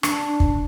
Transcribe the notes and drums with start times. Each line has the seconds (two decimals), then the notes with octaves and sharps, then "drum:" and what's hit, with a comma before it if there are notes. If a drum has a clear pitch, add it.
0.03 D4, drum: rim click
0.40 drum: kick